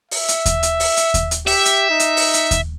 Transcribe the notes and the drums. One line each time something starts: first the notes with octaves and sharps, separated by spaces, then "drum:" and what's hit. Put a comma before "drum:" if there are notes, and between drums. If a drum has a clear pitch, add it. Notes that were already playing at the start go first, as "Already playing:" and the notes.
E5, drum: open hi-hat
drum: hi-hat
drum: kick D#2, hi-hat
drum: hi-hat
drum: open hi-hat
drum: hi-hat
drum: kick D#2, hi-hat
drum: hi-hat
G4 E5, drum: open hi-hat
drum: hi-hat
D#4
drum: hi-hat
drum: open hi-hat
drum: hi-hat
drum: kick D#2, hi-hat